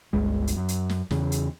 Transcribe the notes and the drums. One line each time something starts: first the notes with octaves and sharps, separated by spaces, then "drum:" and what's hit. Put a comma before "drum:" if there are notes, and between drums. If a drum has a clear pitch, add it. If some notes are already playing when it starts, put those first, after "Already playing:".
G1 C#2 G#3
drum: hi-hat
F#2
drum: hi-hat
drum: snare
E2 C#3, drum: snare
drum: hi-hat